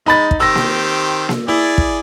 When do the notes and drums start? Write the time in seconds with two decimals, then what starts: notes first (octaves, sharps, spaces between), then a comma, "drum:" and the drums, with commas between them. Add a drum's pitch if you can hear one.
0.06 G#3 D#4 B5 A6
0.31 drum: kick
0.40 D#3 C4 G4 E6 A#6
0.55 drum: snare A#3
1.29 drum: snare A#3
1.48 E4 G#4 D5
1.78 drum: kick